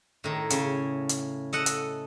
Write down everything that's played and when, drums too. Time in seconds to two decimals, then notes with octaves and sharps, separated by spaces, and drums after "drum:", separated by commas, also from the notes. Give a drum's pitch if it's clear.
0.24 A2 D#3
0.50 C#3, drum: hi-hat
1.09 drum: hi-hat
1.53 A4 D#5 F#5
1.66 drum: hi-hat